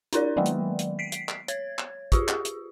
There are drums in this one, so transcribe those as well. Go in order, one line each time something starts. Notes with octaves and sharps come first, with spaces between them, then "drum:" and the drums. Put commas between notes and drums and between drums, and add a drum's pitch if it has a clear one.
D4 E4 A#4 D5, drum: hi-hat
D#3 F#3 G#3 A#3 B3
drum: hi-hat
drum: hi-hat
B6 C7 D7
drum: hi-hat
drum: clap
C#5 G#6, drum: hi-hat
drum: clap
F4 G4 G#4, drum: kick, hi-hat
drum: clap
drum: hi-hat